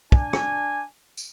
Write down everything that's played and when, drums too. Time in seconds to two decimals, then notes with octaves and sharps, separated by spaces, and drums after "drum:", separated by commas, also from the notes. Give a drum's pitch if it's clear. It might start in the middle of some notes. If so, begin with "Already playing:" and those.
0.12 D4 G#5, drum: kick
0.33 drum: rim click
1.17 drum: tambourine